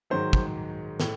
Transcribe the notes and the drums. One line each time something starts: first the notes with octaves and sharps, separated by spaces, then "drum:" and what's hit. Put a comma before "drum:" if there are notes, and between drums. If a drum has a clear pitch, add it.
G#2 D#3 F#3 C5
drum: kick
A2, drum: snare